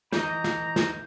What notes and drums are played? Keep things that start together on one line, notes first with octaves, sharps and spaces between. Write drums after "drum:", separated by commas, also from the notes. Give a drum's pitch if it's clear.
E3 D#5 A#5 G6, drum: snare
drum: snare
drum: snare